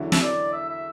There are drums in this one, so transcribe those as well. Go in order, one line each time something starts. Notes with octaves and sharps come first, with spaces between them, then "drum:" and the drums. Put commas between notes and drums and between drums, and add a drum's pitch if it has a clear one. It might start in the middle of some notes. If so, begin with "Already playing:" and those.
Already playing: E2 D3 F#3 C#4 E4
E5, drum: snare
D5
E5
E5